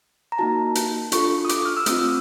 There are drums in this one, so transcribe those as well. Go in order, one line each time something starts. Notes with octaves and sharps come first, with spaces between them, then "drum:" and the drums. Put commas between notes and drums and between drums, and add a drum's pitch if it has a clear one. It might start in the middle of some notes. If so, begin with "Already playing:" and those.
A#5
A#3 D#4 F#4 A5
drum: hi-hat
D4 F4 A4 C#6, drum: hi-hat
D#6
D6, drum: hi-hat
F6
E6
A3 C4 F4 D#6, drum: hi-hat